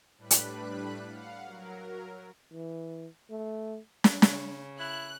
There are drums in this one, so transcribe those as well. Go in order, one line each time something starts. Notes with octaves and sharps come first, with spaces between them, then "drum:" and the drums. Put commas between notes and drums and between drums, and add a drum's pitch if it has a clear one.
A2 G3 D4 B4 B5 F#6
drum: hi-hat
F5 F#5
F#3 A#4
E3
A3
drum: snare
C#3, drum: snare
E4 F#6